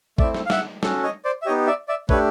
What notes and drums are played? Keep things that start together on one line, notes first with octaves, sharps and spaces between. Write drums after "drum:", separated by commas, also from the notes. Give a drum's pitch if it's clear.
A3 C4 E4 D5 E5, drum: kick
drum: snare
F5
E5 F#5, drum: snare
C#4 F#4 A4, drum: snare
C#5 D#5
C5 D5
E5
B3 D#4 G4 C#5 D#5
D5 E5
D5 E5
A3 D4 G4 B4 C#5, drum: kick